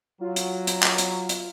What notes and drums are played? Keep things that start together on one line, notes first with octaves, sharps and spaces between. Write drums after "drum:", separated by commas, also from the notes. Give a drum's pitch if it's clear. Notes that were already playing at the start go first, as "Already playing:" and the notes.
F#3 F4
drum: hi-hat
drum: hi-hat
drum: clap
drum: hi-hat
drum: hi-hat